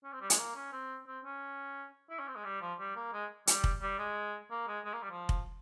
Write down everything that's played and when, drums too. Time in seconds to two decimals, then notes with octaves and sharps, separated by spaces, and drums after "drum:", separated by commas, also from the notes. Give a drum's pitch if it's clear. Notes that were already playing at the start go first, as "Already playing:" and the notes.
0.04 C#4
0.13 C4
0.21 G3
0.30 G#3, drum: hi-hat
0.39 A#3
0.55 C#4
0.73 C4
1.07 C4
1.25 C#4
2.10 E4
2.19 C#4
2.28 C4
2.36 G#3
2.44 G3
2.62 F3
2.79 G3
2.96 A#3
3.13 G#3
3.47 G3, drum: hi-hat
3.64 drum: kick
3.82 G3
3.99 G#3
4.51 A#3
4.68 G#3
4.85 G#3
4.93 A#3
5.02 G3
5.11 F3
5.29 drum: kick